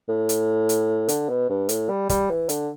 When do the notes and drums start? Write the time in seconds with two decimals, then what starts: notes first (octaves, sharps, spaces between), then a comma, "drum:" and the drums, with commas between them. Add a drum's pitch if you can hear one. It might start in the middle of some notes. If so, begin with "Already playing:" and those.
0.09 A2
0.29 drum: hi-hat
0.69 drum: hi-hat
1.08 D3, drum: hi-hat
1.29 B2
1.49 G2
1.69 A2, drum: hi-hat
1.89 G3
2.09 G3, drum: kick, hi-hat
2.30 E3
2.49 D3, drum: hi-hat